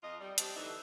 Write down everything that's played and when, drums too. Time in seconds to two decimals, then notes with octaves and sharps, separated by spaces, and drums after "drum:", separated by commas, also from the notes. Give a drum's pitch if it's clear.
0.03 F2 F4 D#5
0.21 G3
0.38 G3 C4 D4 D5 D#5, drum: hi-hat
0.56 D3 E3 A3 D#4 E5